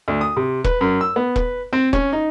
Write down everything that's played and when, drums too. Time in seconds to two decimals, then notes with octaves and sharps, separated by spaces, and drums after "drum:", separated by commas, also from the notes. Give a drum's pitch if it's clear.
0.08 D2
0.21 D#6
0.36 C3
0.64 B4, drum: kick E1
0.81 F#2
1.01 E6
1.16 B3
1.36 B4, drum: kick E1
1.73 C4
1.93 C#4, drum: kick E1
2.12 D#4